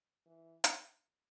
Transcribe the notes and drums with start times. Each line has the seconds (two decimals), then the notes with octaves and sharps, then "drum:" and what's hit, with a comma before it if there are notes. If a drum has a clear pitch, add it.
0.26 E3
0.64 drum: hi-hat